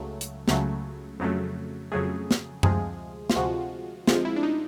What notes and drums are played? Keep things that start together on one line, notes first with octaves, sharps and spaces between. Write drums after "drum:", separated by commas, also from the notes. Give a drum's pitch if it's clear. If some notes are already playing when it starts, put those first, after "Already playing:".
Already playing: C#2 C#3 F#3 A3
drum: hi-hat
C#2 C#3 F#3 A3, drum: snare
F2 C#3 F#3 A3
F2 C#3 F#3 A3 G#4
drum: snare
D2 C3 F3 G#3 G#4, drum: tom F#2
F4, drum: snare
D2 C3 F3 G#3 F#4
D2 C3 F3 G#3 F4, drum: snare
E4
D4
D#4